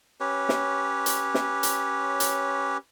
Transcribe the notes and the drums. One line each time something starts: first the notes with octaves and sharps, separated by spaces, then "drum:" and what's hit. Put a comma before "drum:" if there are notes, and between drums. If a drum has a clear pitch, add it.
C#4 G4 B4 C#5
drum: snare
drum: hi-hat
drum: snare
drum: hi-hat
drum: hi-hat